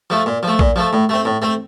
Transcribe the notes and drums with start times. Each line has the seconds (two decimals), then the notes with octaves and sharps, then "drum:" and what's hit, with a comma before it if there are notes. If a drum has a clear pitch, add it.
0.10 F3 A3
0.26 A#2
0.43 F3 A3
0.59 A#2, drum: kick A#1
0.76 F3 A3
0.93 A2
1.09 A3 C4
1.25 A2
1.42 A3 C4